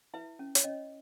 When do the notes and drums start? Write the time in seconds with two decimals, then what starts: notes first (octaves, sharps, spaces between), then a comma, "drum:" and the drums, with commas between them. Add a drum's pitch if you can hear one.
0.14 E4 B4 E5
0.39 C#4
0.55 C#5, drum: hi-hat
0.64 C#4 D#5